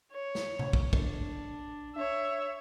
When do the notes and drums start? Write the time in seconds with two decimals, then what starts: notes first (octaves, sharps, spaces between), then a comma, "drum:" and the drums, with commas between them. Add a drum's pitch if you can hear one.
0.12 C#5
0.35 drum: snare
0.59 drum: tom C3
0.73 drum: kick
0.93 D4, drum: kick
1.96 C#5 E5